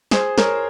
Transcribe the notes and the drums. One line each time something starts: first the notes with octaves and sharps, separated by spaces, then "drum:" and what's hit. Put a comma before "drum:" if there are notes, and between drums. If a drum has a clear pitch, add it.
G#4 C5, drum: snare
A#4 C#5, drum: snare